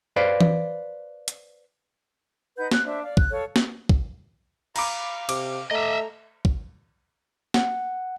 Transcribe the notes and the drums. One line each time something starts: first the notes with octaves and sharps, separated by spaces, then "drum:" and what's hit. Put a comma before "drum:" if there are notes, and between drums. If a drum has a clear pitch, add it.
B4 C5 D5 F5
drum: tom E3
drum: hi-hat
D#4 B4 F#5 G6
F#6, drum: snare
D4 C5 E5
D5 F5
F#6, drum: kick
A4 C#5 F5
drum: snare
drum: kick
F5 A#5 B5 D6, drum: cymbal
C3 D6, drum: cymbal
A3 D#5 E5 A#5
drum: kick
F#5, drum: snare